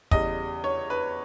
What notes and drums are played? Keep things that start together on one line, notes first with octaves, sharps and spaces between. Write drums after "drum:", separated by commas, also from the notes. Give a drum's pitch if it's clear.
E2 C#3 G3 D#5, drum: kick
C#5
B4